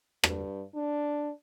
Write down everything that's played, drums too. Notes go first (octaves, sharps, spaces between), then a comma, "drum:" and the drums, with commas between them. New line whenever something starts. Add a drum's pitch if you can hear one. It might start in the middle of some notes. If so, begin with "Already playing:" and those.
G2, drum: rim click
D4